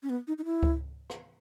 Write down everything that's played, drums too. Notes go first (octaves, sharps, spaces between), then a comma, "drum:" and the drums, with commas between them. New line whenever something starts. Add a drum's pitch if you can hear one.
C#4
B3
D#4
D#4
E4
drum: kick C#2
drum: rim click